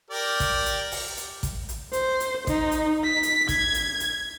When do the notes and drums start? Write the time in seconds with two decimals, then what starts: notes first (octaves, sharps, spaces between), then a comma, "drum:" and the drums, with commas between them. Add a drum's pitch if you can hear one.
0.11 G4 A#4 D5
0.40 drum: kick A1, hi-hat
0.66 drum: hi-hat
0.92 drum: open hi-hat
1.17 drum: hi-hat
1.43 drum: kick A1, hi-hat
1.69 drum: hi-hat
1.93 C5, drum: hi-hat
2.20 drum: hi-hat
2.47 D#4, drum: kick A1, hi-hat
2.71 drum: hi-hat
3.04 B6
3.23 drum: hi-hat
3.49 G#6, drum: kick A1, hi-hat
3.74 drum: hi-hat
4.00 drum: hi-hat